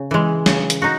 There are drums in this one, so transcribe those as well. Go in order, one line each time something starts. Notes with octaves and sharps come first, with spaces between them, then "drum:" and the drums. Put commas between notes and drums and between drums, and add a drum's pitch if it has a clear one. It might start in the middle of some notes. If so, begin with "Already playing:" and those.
Already playing: C#3
E3 G#3
C#3, drum: snare
drum: hi-hat
D#4 F#4